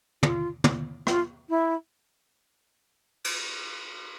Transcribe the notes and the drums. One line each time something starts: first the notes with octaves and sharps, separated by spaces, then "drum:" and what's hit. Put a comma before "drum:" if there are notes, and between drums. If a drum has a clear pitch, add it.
F4, drum: tom
drum: tom
F4, drum: rim click
E4
drum: cymbal